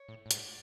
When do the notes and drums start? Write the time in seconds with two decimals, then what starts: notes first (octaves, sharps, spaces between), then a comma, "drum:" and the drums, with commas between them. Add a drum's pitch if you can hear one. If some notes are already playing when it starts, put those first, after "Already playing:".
Already playing: C#5
0.08 A2
0.26 A2
0.31 G#2 D5, drum: hi-hat